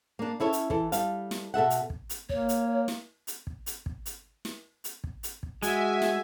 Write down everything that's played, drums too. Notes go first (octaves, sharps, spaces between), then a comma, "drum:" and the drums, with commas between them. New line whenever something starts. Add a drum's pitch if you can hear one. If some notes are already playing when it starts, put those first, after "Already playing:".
A#3 D4
C#4 E4 A4 C#5
drum: hi-hat
E3 A4, drum: kick
G3 A4 F5, drum: hi-hat
drum: snare
B2 A4 E5 F#5
drum: hi-hat
drum: kick
drum: hi-hat
A#3 C#5, drum: kick
drum: hi-hat
drum: snare
drum: hi-hat
drum: kick
drum: hi-hat
drum: kick
drum: hi-hat
drum: snare
drum: hi-hat
drum: kick
drum: hi-hat
drum: kick
G#3 F#4 E5 G#5, drum: hi-hat
drum: snare